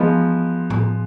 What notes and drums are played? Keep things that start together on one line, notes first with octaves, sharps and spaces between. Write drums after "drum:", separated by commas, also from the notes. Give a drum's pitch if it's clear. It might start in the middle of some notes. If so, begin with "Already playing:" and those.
Already playing: F3 G#3 B3 D#4
drum: tom A2